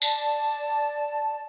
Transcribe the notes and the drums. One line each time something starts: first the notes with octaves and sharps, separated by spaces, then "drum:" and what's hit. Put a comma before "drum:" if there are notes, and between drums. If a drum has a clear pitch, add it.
D5 A5, drum: tambourine